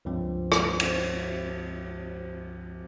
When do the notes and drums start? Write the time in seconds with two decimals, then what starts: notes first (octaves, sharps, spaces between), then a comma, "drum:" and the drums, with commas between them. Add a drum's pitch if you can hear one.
0.05 C#2 G2 F3 C4
0.52 drum: rim click
0.80 drum: cymbal